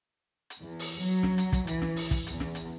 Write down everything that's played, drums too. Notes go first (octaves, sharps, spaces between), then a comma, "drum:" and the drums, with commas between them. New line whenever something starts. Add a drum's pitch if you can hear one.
drum: hi-hat
E2
drum: open hi-hat
F#3
drum: snare
drum: hi-hat
drum: kick, hi-hat
E3, drum: hi-hat
drum: snare
drum: open hi-hat
drum: kick, hi-hat
E2, drum: hi-hat
drum: snare
drum: hi-hat